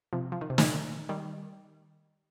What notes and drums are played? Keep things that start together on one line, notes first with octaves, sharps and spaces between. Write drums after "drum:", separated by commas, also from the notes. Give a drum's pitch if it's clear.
C3 F3
F3
D#3
C3
A#2 D#3, drum: snare
D#3 G3